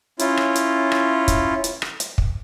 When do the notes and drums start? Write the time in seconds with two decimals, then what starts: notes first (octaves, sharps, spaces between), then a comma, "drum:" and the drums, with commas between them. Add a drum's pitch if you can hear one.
0.19 C#4 E4 F4, drum: hi-hat
0.37 drum: rim click
0.55 drum: hi-hat
0.92 drum: rim click
1.28 drum: kick, hi-hat
1.64 drum: hi-hat
1.82 drum: rim click
2.00 drum: hi-hat
2.18 drum: kick